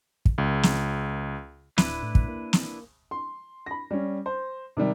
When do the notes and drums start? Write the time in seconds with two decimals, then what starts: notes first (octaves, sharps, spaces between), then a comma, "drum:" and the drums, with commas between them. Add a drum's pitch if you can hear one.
0.25 drum: kick
0.38 C#2
0.63 drum: snare
1.78 D1 D4 E4 B4, drum: snare
2.03 A2
2.15 drum: kick
2.28 A#3
2.53 drum: snare
3.11 C6
3.66 B5 A#6
3.91 G3 C#4
4.26 C5
4.77 C3 D#3 G3